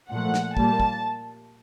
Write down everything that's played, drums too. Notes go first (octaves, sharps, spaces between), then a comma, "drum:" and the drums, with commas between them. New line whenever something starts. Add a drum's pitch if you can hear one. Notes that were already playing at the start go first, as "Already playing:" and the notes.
A#2 F3 A3 F#5
drum: snare
A#2 G3 A#3 A5, drum: kick
drum: kick